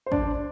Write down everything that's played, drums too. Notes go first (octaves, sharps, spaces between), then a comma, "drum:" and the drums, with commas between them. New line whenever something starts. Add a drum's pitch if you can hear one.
C5
D4 D5, drum: kick G#1